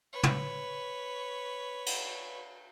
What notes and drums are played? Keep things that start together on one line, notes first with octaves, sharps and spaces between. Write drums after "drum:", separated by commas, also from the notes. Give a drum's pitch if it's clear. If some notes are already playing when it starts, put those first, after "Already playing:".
B4 C#5
drum: tom
drum: cymbal